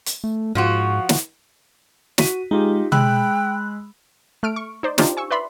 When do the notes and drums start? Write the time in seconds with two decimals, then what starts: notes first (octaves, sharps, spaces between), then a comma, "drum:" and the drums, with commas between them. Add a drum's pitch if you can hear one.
0.06 drum: hi-hat
0.24 A3
0.55 G#2 F3 F4 F#4
1.09 drum: snare
2.18 F#4 B6 D#7, drum: snare
2.51 G#3 D#4 F4 G4
2.92 G#3 G5 B5 E6 F#6, drum: tom
4.43 A3 F6 D7
4.56 C#6
4.83 D#4 C5 D5
4.98 D4 D#4 F4 G4 C5, drum: snare
5.17 G#5 C#6 E6
5.31 B4 D5 E5 B5 C6